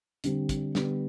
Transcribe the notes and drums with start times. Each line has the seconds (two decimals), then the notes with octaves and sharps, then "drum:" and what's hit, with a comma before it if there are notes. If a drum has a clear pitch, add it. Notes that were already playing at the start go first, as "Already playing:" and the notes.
0.24 D3 G3 C4, drum: hi-hat
0.49 drum: kick, hi-hat
0.75 D3 G3 B3, drum: snare